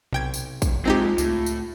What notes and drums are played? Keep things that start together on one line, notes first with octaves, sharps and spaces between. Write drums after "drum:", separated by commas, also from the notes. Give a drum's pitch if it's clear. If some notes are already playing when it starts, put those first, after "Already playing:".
B1 C3 G5 G#6
drum: tambourine
drum: kick, tambourine
G#3 A#3 C4 D#4 F4 G4
C#2 A2, drum: tambourine
drum: tambourine